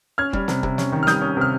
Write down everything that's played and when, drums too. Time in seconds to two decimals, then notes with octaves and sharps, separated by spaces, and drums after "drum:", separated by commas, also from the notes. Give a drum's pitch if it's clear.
0.18 C#4 F6 G#6
0.33 G3, drum: kick
0.48 C3, drum: snare
0.63 C3, drum: kick
0.78 C#4, drum: snare
0.92 D#3
1.03 F6
1.07 G3 D#6 G6, drum: snare
1.21 C#4
1.37 C3 F6